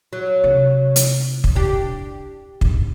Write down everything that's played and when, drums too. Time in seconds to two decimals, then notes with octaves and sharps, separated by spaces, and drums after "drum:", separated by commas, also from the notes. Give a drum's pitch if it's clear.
0.13 F#3
0.44 C3
0.96 drum: hi-hat
1.44 drum: kick
1.55 D4 G4
2.61 G#1, drum: kick